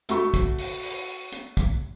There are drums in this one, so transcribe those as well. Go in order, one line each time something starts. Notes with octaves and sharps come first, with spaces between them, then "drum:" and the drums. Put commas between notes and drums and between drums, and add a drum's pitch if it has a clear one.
A3 F#4 C#6, drum: hi-hat
drum: kick, hi-hat
drum: open hi-hat
drum: open hi-hat
drum: hi-hat
drum: kick, hi-hat